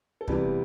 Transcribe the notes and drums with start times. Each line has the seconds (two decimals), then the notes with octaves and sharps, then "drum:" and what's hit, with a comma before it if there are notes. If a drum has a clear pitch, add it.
0.21 A4
0.28 E2 C3 E3 G3 B4, drum: kick